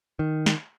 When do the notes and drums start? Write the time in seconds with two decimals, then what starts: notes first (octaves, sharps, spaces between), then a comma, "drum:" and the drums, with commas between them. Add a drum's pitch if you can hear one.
0.19 D#3
0.46 drum: snare